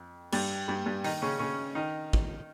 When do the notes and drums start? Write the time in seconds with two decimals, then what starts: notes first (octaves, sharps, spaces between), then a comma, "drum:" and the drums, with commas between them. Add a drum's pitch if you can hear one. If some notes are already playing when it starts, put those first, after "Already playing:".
Already playing: F2
0.32 G2 G3, drum: cymbal
0.68 G2 G3
0.86 G2 G3
1.04 D#3 D#4, drum: open hi-hat
1.22 C#3 C#4
1.39 C#3 C#4
1.75 D#3 D#4
2.13 drum: kick